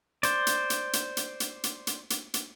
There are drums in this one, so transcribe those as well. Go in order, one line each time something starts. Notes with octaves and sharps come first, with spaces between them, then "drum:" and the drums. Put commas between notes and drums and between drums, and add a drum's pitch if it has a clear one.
C5 D5, drum: hi-hat
drum: hi-hat
drum: hi-hat
drum: hi-hat
drum: hi-hat
drum: hi-hat
drum: hi-hat
drum: hi-hat
drum: hi-hat
drum: hi-hat